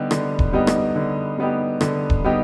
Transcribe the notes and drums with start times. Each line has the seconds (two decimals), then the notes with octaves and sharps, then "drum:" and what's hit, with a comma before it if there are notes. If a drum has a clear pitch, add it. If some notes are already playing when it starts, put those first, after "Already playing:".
Already playing: D3 G3 B3 D#4 G4
0.11 D3, drum: rim click
0.39 drum: kick D#1
0.53 G3 B3 D#4 G4
0.67 drum: rim click
0.95 D3
1.38 G3 B3 D#4 G4
1.81 D3, drum: rim click
2.10 drum: kick D#1
2.24 G3 B3 D#4 G4